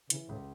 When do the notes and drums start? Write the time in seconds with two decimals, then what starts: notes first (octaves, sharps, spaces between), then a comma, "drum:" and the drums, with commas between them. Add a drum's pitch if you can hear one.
0.10 C#3 E3, drum: hi-hat
0.29 C#2 A2